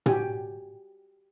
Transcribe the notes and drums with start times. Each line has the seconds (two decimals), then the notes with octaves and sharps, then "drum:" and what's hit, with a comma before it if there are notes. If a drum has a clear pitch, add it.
0.06 F#4 G4 G#5, drum: tom